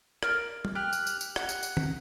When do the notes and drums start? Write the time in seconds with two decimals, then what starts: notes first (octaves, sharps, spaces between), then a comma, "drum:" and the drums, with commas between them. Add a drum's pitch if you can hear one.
0.23 A#4 D5 F6, drum: rim click
0.65 drum: tom
0.75 G4 F6 F#6
0.93 drum: tambourine
1.07 drum: tambourine
1.21 drum: tambourine
1.36 F#5, drum: rim click
1.49 drum: tambourine
1.63 drum: tambourine
1.77 drum: tom